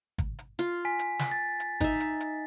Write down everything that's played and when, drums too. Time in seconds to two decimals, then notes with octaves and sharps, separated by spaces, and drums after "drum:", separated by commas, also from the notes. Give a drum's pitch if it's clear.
0.18 drum: kick, hi-hat
0.39 drum: hi-hat
0.59 F4, drum: hi-hat
0.85 G#5 B6
0.99 drum: hi-hat
1.19 drum: snare
1.31 A6
1.60 drum: hi-hat
1.81 D#4 E5, drum: kick, hi-hat
2.00 drum: hi-hat
2.20 drum: hi-hat